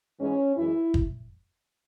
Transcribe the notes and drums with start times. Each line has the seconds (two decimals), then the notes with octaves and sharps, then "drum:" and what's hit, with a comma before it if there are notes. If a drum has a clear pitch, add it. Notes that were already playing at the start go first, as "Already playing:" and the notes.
0.20 G#2 E3 G#3 C#4
0.57 F#2 E3 G#3 E4
0.94 drum: kick